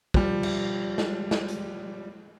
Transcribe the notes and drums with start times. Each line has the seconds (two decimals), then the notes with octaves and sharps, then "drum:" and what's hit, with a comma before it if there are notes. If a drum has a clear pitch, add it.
0.14 F3 G3, drum: kick
0.43 drum: cymbal
0.98 drum: snare
1.31 drum: snare
1.48 drum: hi-hat